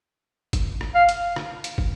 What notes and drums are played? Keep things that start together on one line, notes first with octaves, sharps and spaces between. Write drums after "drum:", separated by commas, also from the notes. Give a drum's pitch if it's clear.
drum: kick, hi-hat
drum: rim click
F5
drum: hi-hat
drum: rim click
drum: hi-hat
drum: kick